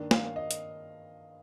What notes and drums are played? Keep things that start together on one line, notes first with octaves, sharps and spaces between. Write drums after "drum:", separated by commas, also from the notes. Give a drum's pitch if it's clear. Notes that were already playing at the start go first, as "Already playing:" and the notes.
Already playing: G2 D#3 A#3 D4
F5, drum: snare
D#5
drum: hi-hat